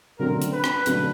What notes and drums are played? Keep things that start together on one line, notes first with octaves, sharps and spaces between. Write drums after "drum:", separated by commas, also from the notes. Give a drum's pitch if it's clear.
D3 F#3 A3 C4 A#4
drum: hi-hat
B4
drum: rim click
D3 F#3 A3 C4, drum: hi-hat